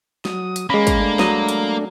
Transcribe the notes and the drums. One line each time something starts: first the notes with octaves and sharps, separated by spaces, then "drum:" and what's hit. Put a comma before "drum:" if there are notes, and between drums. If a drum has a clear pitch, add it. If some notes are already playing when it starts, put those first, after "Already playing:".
F#3 D#6, drum: snare
drum: hi-hat
G#3 A#3 C#4 B5
drum: kick, hi-hat
A3 D4
F#3 D#5, drum: snare
drum: hi-hat